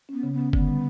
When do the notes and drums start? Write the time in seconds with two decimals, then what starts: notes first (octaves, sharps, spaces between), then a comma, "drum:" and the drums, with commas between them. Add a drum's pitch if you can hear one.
0.09 B3 C#4
0.23 C#3
0.33 B3
0.39 C#4
0.53 D3 B3, drum: kick
0.69 G3